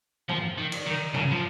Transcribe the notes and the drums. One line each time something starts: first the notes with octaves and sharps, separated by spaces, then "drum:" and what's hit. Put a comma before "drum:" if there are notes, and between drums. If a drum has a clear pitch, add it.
F3, drum: tom
D#3
drum: cymbal
D#3
C#3, drum: tom
F3